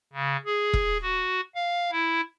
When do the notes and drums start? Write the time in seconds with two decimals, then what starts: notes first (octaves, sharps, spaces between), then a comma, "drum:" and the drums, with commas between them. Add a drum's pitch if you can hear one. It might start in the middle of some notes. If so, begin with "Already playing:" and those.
0.13 C#3
0.46 G#4
0.73 drum: kick E1
1.02 F#4
1.55 F5
1.92 E4